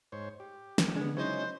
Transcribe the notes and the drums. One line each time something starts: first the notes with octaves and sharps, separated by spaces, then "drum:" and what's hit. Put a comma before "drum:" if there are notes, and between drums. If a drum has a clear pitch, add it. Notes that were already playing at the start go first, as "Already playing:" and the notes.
G#2 C5 C#5
G4
drum: snare
D3 G#3 B3 D4
C#3 F#3 G#3 D#4 E4 C5 C#5